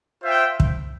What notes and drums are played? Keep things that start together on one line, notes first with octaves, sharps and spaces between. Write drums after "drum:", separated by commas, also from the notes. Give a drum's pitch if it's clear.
F4 C5 E5 G5
drum: kick